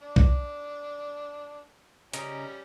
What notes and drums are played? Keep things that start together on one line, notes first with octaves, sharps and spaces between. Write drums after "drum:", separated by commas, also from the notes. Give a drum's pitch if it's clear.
D4
drum: kick B1
C#3 G3 C#4 A#4 D#5, drum: hi-hat